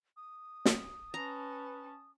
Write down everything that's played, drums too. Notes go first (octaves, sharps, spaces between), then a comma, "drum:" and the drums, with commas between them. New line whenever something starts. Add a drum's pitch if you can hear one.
D#6
drum: snare
C#4 B4 A5 A#5